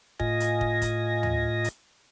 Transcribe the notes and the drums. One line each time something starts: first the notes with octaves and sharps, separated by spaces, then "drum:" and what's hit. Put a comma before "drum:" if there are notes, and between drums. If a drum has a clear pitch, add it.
A2 F4 D#5 G#5 A#6, drum: kick
drum: hi-hat
drum: kick
drum: kick, hi-hat
drum: tom
drum: hi-hat